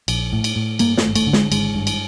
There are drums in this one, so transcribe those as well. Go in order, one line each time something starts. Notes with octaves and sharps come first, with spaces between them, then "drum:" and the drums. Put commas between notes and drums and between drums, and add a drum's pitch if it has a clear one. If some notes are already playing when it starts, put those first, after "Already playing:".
A#1, drum: cymbal
A2
drum: cymbal
A2
G2 A#3, drum: cymbal
A3, drum: snare
G#1
A3, drum: cymbal
D3
G#3, drum: snare
G#1 G#3, drum: cymbal
G2
drum: cymbal